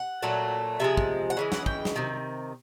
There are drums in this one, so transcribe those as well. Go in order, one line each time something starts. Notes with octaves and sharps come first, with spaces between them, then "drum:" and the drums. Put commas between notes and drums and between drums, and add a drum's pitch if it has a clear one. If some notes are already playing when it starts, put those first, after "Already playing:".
Already playing: F#5
A#2 F#3 A3
C3 F3 G#3 E5
drum: kick
F#5
C#3 E3 G#3
F#5, drum: snare
G5, drum: kick
drum: snare
C3 D#3